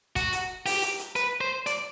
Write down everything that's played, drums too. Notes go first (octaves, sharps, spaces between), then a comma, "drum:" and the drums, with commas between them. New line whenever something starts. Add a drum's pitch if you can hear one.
F#4, drum: kick, hi-hat
drum: hi-hat
G4, drum: open hi-hat
drum: hi-hat
drum: hi-hat
B4, drum: hi-hat
C5
D5, drum: hi-hat